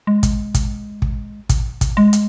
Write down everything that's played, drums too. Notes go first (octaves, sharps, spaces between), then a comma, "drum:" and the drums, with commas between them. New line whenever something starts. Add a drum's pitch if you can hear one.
G#3
drum: kick, hi-hat
drum: kick, hi-hat
drum: kick
drum: kick, hi-hat
drum: kick, hi-hat
G#3
drum: hi-hat